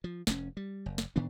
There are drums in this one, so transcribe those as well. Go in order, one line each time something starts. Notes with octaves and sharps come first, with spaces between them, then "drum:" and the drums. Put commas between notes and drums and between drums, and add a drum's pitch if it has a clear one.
F3
F1 G#2 C#4, drum: snare
G3
F#1
drum: snare
A2 D#3 B3 D4